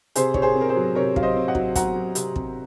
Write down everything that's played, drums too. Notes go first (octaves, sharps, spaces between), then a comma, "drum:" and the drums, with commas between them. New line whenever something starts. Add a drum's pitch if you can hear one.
C3 G#4 C5, drum: hi-hat
C3 C#5, drum: kick
G#4 C5
C4
A#4
G#4 C5
F#3
C3 A#4 C#5
F#3 F5, drum: kick
C5 D#5
C4
D#5 F#5
F#3, drum: kick
F#3 F#5 A#5, drum: kick, hi-hat
F#3
C3, drum: hi-hat
C3, drum: kick